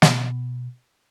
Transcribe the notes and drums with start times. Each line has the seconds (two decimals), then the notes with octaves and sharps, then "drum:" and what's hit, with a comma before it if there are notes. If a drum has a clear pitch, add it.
0.02 B2, drum: snare